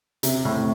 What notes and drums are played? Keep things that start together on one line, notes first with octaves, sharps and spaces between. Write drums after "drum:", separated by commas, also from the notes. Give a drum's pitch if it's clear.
C3, drum: hi-hat
A2